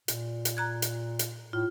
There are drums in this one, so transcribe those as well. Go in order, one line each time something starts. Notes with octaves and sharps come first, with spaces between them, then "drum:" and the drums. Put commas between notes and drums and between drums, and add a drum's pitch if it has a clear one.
A#2, drum: hi-hat
drum: hi-hat
A#5 F#6 G#6
drum: hi-hat
drum: hi-hat
A2 F4